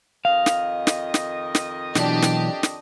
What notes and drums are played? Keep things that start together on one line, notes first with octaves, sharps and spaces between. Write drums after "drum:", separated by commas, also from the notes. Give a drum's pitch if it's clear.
F2 D#3 D#5 F5
drum: snare
drum: snare
drum: snare
drum: snare
B2 E3 F#3 D4 G4, drum: snare
drum: snare
drum: snare